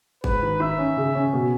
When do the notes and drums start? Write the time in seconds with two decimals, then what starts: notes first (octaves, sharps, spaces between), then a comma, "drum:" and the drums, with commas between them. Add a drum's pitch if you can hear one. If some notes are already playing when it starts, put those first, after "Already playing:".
0.24 G#2 B4, drum: kick
0.43 D#3
0.60 D#3 E5
0.78 C#4
0.97 C#3
1.15 C#4
1.33 B2